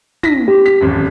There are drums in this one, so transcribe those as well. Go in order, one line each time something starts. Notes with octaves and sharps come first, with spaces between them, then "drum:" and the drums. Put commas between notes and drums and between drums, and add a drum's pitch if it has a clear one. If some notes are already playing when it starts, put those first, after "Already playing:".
A#6 B6, drum: tom
G4
B6
D#1 G#1 F#2